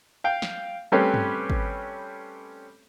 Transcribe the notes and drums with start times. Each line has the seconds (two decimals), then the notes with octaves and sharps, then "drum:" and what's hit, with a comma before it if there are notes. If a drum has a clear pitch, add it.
0.24 F5 G5
0.42 drum: snare
0.92 G3 A3 C4 C#4 G4 B4
1.14 drum: tom G2
1.50 drum: kick G#1